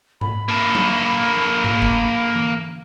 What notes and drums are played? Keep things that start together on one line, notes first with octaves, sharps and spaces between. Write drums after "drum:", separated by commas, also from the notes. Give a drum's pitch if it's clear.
B5, drum: tom G#2
A#3 A4
drum: tom F#3
drum: tom G#2
drum: kick F#1
drum: tom E3